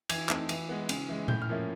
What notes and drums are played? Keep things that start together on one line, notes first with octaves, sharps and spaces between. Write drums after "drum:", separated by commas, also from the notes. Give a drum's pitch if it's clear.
E3 G#6, drum: cymbal
A3 C4 D#4, drum: clap
E3, drum: cymbal
G#3 B3
C#3, drum: cymbal
E3 G#3
A2 G6, drum: tom A#2
F6
F3 A#3 C#4 E4